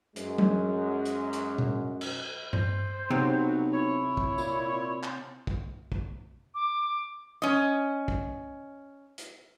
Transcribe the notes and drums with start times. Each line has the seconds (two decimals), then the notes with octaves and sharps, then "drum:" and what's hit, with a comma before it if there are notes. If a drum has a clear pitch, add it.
0.16 F#2 G#3, drum: hi-hat
0.38 drum: tom F#3
1.05 drum: hi-hat
1.33 drum: hi-hat
1.58 drum: tom B2
2.01 drum: cymbal
2.53 C5, drum: tom G2
3.10 B1 C3 F#3 C4
3.73 E4 C#5
4.17 drum: kick
4.38 A#2, drum: tambourine
5.03 drum: clap
5.47 drum: kick
5.92 drum: kick
6.55 D6
7.42 C#4 D#5
8.08 drum: kick
9.18 drum: hi-hat